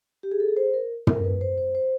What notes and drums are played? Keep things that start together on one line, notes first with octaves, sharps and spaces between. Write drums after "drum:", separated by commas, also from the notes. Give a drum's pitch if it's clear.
G4
G#4
A4
G#4
C5
A#4
A#4, drum: tom
B4
C5
C5
C5